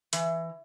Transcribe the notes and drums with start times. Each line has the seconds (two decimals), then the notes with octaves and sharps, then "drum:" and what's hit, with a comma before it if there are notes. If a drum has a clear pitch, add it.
0.13 E3, drum: hi-hat